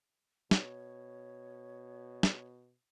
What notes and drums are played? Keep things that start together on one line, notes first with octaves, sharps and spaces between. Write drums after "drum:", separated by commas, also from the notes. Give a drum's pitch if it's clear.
B2 C#5, drum: snare
drum: snare